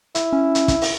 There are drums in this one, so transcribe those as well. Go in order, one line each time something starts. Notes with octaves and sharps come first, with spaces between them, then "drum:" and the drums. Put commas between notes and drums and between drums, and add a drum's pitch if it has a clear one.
E4, drum: hi-hat
C#4
drum: hi-hat
drum: kick, hi-hat
drum: open hi-hat